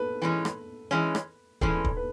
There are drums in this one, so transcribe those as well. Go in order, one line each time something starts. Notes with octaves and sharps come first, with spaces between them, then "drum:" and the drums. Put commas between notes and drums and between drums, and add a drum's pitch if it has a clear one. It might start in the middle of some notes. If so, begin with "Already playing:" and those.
Already playing: A4 B4
E3 G#3 C#4
drum: rim click
E3 G#3 C#4
drum: rim click
E3 G#3 C#4 A4, drum: kick
drum: kick
B4